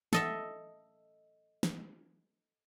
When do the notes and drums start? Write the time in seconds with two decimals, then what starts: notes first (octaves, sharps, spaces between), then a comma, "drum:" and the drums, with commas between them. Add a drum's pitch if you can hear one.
0.13 A4 D#5 E5, drum: snare
1.63 drum: snare